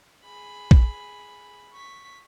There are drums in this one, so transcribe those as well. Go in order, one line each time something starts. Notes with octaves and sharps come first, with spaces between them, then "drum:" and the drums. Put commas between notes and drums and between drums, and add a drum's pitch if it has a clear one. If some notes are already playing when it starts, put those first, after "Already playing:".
G#4 B5
drum: kick A#1
C#6 B6